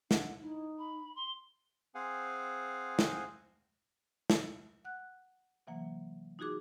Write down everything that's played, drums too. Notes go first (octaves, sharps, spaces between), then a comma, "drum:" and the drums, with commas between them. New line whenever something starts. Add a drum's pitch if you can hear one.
D4 F#5, drum: snare
D#4 E4
B5
C6
C4 G#4 C5 F5 F#5 G#5
drum: snare
drum: snare
F#5 F#6
C3 E3 F#3 A#3
D#4 F4 F#4 G#4 D6